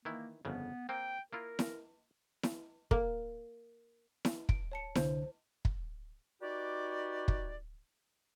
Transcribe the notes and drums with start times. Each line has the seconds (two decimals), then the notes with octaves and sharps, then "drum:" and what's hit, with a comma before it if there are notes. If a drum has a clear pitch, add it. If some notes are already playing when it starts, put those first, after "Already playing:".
0.05 D#3 E3 A#3 E4
0.45 G1 F2 C#3 B3
0.89 A#3 C4 G5
1.33 A#3 E4 F4 A#4
1.59 drum: snare E4
2.43 drum: snare E4
2.91 A#3, drum: kick
4.25 drum: snare E4
4.49 D7, drum: kick
4.72 C#5 A5 C#7
4.95 C2 D3 C5, drum: snare E4
5.65 drum: kick
6.42 D#4 F#4 G4 B4 D5
7.28 drum: kick